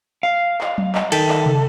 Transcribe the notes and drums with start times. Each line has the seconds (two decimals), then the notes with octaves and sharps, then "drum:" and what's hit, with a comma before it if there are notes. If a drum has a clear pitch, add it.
0.23 F5
0.61 drum: clap
0.78 drum: tom F#3
0.95 drum: clap
1.12 D#3 A4 G5 B6, drum: cymbal
1.29 drum: clap
1.46 drum: tom